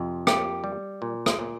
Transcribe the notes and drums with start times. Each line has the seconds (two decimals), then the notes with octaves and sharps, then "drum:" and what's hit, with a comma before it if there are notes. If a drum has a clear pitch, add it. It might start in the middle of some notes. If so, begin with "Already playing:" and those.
Already playing: F2 C3
0.27 A#3 G4, drum: rim click
0.64 G3
1.02 A#2
1.26 drum: rim click
1.39 A#2